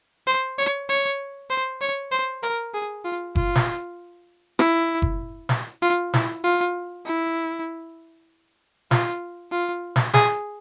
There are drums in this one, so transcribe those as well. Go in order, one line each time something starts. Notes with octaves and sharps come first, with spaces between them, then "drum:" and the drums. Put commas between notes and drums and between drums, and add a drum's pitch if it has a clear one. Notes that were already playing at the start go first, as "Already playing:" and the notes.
C5
C#5
C#5
C5
C#5
C5
A#4, drum: hi-hat
G#4
F4
F4, drum: kick F#1
drum: snare
E4, drum: rim click
drum: kick F#1
drum: snare
F4
E4, drum: snare
F4
E4
F4, drum: snare
F4
drum: snare
G#4, drum: snare